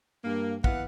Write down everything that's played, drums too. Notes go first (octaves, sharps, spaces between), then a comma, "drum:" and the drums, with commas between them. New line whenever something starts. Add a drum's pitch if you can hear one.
G2 A#3
E3 B3 F5 F#5, drum: kick